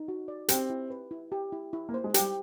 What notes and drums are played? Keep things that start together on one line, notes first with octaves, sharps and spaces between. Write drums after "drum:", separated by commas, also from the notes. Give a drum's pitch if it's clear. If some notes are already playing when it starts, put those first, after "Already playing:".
Already playing: D#4
F#4
D5
C4 G4, drum: hi-hat
E4
B4
E4
G4
E4
E4
A#3
C5
G#3
G3 G4, drum: hi-hat